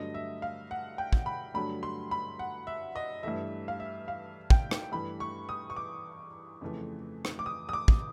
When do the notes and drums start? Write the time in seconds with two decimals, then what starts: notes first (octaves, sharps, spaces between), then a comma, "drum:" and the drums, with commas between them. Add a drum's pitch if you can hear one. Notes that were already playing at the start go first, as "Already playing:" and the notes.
Already playing: G2 D3 F#3 A3 D#5
0.14 E5
0.42 F5
0.71 F#5
0.98 G5
1.13 drum: kick
1.26 B5
1.54 G2 D3 F#3 A3 B5
1.83 C6
2.11 B5
2.39 F#5
2.67 E5
2.96 D#5
3.23 G2 E3 A3 E5
3.68 F5
3.80 E5
4.08 F5
4.50 G5, drum: kick
4.71 drum: rim click
4.92 G2 E3 A3 B5
5.20 C#6
5.49 D#6
5.70 C#6
5.76 D6
6.61 F2 C#3 E3 A3
7.25 drum: rim click
7.39 D6
7.46 D#6
7.69 D#6
7.73 D6
7.88 drum: kick